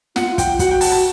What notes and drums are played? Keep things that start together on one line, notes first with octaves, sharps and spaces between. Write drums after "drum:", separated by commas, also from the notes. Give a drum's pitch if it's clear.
F4 F#5, drum: snare
F4
G5, drum: kick, hi-hat
F#4 F#5, drum: kick, hi-hat
G5
A5, drum: open hi-hat
A5